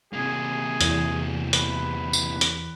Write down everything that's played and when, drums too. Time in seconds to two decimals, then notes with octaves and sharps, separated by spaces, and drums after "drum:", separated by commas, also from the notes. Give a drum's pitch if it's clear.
0.13 C3 A#3 G#4
0.81 E2, drum: hi-hat
1.53 B4, drum: hi-hat
2.13 drum: tambourine
2.41 drum: hi-hat